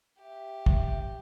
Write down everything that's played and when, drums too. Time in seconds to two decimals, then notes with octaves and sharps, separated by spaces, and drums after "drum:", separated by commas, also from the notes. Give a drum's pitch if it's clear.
0.19 G4 E5
0.66 drum: kick